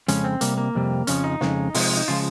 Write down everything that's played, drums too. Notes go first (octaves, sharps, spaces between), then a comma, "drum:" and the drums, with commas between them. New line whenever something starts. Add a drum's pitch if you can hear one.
F2 C#3 G#3 C#4, drum: hi-hat
C4
C3 G3 A#3, drum: hi-hat
A#3
F2 C3 G3
F2 C#3 F3 C#4, drum: hi-hat
D#4
F2 C#3 G#3, drum: snare
C3 F3 G#3, drum: open hi-hat
D#4
C#3 F3 G#3 F4